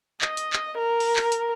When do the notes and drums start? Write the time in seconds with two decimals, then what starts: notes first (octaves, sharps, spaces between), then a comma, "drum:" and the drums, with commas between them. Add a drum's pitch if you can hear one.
0.21 D#5, drum: clap
0.37 drum: hi-hat
0.53 drum: clap
0.77 A#4
1.00 drum: open hi-hat
1.16 drum: clap
1.32 drum: hi-hat